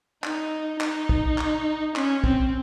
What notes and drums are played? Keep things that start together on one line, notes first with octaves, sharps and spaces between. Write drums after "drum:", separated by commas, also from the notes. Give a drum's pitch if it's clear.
D#4, drum: clap
D#4, drum: clap
drum: kick
drum: clap
C#4, drum: clap
C4, drum: kick